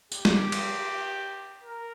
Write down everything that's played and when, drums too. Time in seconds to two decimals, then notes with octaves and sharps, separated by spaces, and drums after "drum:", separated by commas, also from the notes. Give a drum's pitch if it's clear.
0.12 G4, drum: tambourine
0.25 drum: snare
0.52 drum: cymbal
1.63 A#4